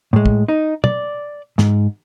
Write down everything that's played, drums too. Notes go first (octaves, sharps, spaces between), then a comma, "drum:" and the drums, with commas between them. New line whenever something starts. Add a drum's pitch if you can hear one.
A2 G#3
drum: kick
D#4
D5, drum: tom
G#2, drum: snare